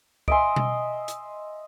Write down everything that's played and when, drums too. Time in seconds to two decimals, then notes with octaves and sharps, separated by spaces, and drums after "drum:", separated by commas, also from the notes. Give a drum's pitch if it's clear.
0.28 D#5 E5 G#5 C6 D7, drum: kick
0.56 drum: tom B2
1.08 drum: hi-hat